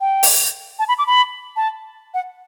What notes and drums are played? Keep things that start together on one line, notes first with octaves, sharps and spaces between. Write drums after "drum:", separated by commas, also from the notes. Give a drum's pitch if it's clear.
G5
drum: open hi-hat
A5
B5
D6
B5
A5
F#5